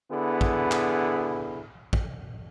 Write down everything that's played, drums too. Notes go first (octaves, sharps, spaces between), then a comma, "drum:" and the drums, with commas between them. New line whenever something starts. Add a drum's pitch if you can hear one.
D3 B3 E4 G#4
drum: kick
drum: clap
drum: kick